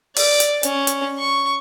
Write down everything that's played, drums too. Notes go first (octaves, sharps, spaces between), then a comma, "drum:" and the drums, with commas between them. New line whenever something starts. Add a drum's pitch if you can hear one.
D5, drum: open hi-hat
drum: hi-hat
C#4, drum: hi-hat
drum: hi-hat
C#6